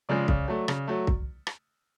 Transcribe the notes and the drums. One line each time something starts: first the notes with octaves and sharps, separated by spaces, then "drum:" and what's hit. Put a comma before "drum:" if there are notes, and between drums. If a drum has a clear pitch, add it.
C#3 F3 G#3 D5
C#3, drum: kick
F#3 A3
C#3, drum: rim click
F#3 A3
drum: kick
drum: rim click